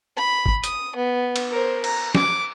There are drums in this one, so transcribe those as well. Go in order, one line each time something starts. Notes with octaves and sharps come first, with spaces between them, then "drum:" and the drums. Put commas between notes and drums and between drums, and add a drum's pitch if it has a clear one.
B5
drum: kick G#1
D#6, drum: hi-hat
B3
drum: cymbal
A#4 C5
A#5, drum: cymbal
D6, drum: snare